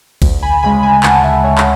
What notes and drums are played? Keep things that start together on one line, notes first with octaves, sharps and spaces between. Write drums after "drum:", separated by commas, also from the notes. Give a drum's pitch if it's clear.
D2, drum: kick A1, cymbal
G#5 B5
C#3 G#3 G#5 B5
G#5 B5
D2 F#5 A5, drum: clap
E5 G#5
C#3 G#3 C#5 E5
drum: clap